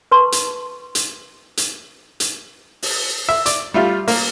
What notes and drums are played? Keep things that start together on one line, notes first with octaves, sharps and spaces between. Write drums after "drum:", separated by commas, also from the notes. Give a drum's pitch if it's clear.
B4 A5 C6 C#6
drum: hi-hat
drum: hi-hat
drum: hi-hat
drum: hi-hat
drum: open hi-hat
E5
D5, drum: hi-hat
G3 A3 F4
A#3, drum: open hi-hat